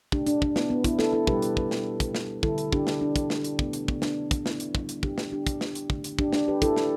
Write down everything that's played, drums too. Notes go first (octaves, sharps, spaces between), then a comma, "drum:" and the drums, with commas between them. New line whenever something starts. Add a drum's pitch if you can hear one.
B2 A3 D4 G4, drum: kick
D4, drum: hi-hat
D4, drum: kick
B3 E4, drum: snare
B3
B3 E4, drum: kick, hi-hat
E4 A4, drum: snare
E4 A4
B2 G3 G4 B4, drum: kick
drum: hi-hat
drum: kick
drum: snare
drum: kick, hi-hat
drum: snare
D3 G3 E4 A4, drum: kick
drum: hi-hat
D4 G4, drum: kick
drum: snare
D4
drum: kick, hi-hat
drum: snare
drum: hi-hat
B2 A3 B3, drum: kick
drum: hi-hat
B3, drum: kick
D4, drum: snare
drum: kick, hi-hat
B3 E4, drum: snare
drum: hi-hat
D3 G3, drum: kick
drum: hi-hat
D4 G4, drum: kick
drum: snare
D4 G4
drum: kick, hi-hat
drum: snare
drum: hi-hat
D3 A3, drum: kick
drum: hi-hat
D4 G4, drum: kick
D4, drum: snare
G4 B4
E4 A4, drum: kick, hi-hat
drum: snare